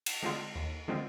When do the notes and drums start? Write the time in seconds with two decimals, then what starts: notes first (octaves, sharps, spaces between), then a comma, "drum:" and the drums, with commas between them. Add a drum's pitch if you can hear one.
0.06 drum: cymbal
0.23 D3 G#3 C4 F4
0.55 D#2
0.88 D3 G#3 C4 F4